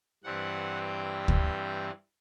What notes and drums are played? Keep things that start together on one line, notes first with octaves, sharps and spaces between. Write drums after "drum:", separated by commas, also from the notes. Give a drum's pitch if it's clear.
G2 E3 G3 C4 F#5
G5
drum: kick